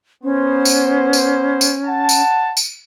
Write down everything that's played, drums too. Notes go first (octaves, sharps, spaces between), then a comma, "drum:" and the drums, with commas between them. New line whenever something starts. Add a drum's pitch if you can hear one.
B3 C#4 C5
drum: tambourine
drum: tambourine
drum: tambourine
F#5 A5
drum: tambourine
drum: tambourine